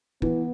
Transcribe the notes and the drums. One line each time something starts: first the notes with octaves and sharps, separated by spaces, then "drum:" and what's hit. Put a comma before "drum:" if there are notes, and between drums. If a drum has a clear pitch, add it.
E3 B3, drum: kick